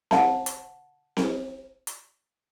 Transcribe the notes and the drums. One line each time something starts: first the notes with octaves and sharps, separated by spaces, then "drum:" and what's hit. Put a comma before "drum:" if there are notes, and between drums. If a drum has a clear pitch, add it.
F#5 A5, drum: snare C4
drum: hi-hat
drum: snare C4
drum: hi-hat